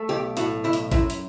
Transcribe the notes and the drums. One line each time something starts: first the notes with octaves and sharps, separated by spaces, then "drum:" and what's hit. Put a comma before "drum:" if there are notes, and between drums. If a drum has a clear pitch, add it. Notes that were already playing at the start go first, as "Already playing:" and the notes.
Already playing: A3
B1 G4
A2 F#4, drum: hi-hat
B1 E4
drum: hi-hat
F#2 E4, drum: kick, hi-hat
drum: hi-hat